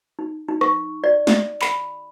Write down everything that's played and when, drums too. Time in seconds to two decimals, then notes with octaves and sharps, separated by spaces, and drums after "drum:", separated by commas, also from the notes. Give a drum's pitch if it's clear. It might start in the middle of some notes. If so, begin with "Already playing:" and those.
0.19 D#4
0.48 D#4
0.61 C#6, drum: rim click
1.04 D5
1.27 drum: snare
1.62 B5, drum: clap